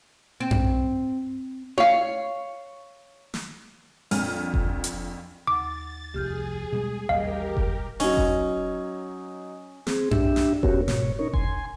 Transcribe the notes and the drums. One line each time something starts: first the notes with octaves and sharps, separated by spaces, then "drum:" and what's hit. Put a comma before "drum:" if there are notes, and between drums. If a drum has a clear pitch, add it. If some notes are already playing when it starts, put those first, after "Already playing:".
C4
drum: tom F#2
C#5 F5, drum: tom E4
drum: snare
A#1 F2 F6 D#7, drum: open hi-hat
drum: kick F1
drum: hi-hat
D#2 F#5 D6 A6
F1 C2 F2 G4 G#4 F6 G6
B2 G3 G#3
A1 D#2 G3 G4 A#4 D#5 F5
drum: kick F1
F#3 C#4 D#4, drum: open hi-hat
drum: kick F1
C4 G#4, drum: snare
D4 G4 E5, drum: tom F#2
drum: snare
B3 C#4 F#4 G4 A#4 C#5, drum: kick F1
G#2 B2 C#5, drum: snare
C#4 D#4 A#4 C#5
G#5 C6, drum: kick F1